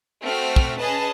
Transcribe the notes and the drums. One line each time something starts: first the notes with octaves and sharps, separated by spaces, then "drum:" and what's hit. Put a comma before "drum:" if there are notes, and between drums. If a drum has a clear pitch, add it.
A3 C4 F#4 F6 B6
drum: kick
C#4 G#4 B4 D#5 A5